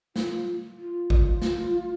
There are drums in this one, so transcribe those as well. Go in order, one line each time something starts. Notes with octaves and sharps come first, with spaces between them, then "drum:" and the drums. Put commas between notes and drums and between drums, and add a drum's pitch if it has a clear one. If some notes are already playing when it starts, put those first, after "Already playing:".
F4, drum: snare
F4
drum: kick G#1
drum: snare